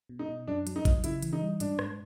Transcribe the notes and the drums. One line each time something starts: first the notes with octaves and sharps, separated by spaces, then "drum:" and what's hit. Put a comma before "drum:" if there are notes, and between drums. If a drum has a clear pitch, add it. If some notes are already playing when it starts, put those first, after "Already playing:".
B2
D#4
B2
F#2 D4
F#3, drum: hi-hat
D#4
F#3, drum: kick G#1, hi-hat
C#3 E4, drum: hi-hat
E3, drum: hi-hat
D#4
G3
G#2 D4, drum: hi-hat
G#2, drum: rim click